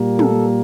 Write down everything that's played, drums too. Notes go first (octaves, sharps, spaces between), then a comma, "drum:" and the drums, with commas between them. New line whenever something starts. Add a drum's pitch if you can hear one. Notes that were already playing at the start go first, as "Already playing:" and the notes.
Already playing: A#2 G3 A#3
A4, drum: tom